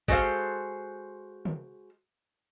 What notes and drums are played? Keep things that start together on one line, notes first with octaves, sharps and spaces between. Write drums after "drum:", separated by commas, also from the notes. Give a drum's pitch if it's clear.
G#3 F#4 A4 C5 F5, drum: kick
drum: tom